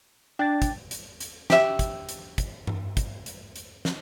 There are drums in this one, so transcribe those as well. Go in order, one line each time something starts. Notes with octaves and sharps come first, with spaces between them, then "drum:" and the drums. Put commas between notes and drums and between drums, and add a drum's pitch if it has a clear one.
D4 G5 A6
drum: kick, hi-hat
drum: hi-hat
drum: hi-hat
G4 E5, drum: snare
drum: kick, hi-hat
drum: hi-hat
drum: kick, hi-hat
drum: tom G2
drum: kick, hi-hat
drum: hi-hat
drum: hi-hat
drum: snare